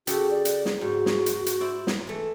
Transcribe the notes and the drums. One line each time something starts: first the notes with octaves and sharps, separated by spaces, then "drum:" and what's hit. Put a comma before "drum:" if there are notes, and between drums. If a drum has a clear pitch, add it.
C#3 F#4 G4 A4, drum: hi-hat
D5
drum: hi-hat
drum: snare
G#2 F#4
drum: snare
drum: hi-hat
drum: hi-hat
E4 C5 D5
drum: snare
E3 A3